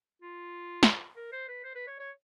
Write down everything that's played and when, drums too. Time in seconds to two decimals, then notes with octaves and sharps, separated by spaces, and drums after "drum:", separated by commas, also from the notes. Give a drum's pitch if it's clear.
0.22 F4
0.83 drum: snare
1.16 A#4
1.32 C5
1.48 B4
1.64 C5
1.75 B4
1.87 C#5
1.99 C#5